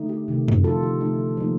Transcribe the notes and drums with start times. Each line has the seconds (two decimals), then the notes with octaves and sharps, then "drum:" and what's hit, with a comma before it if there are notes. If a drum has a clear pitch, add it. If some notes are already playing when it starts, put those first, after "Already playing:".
Already playing: D3 A3 D#4
0.09 G4
0.28 C3 D#3 A3
0.48 drum: tom
0.64 D3 F3 C4 D#4 F4 A4
0.83 G4
1.00 D3 A3 D#4 F4
1.37 F3 A#3 D#4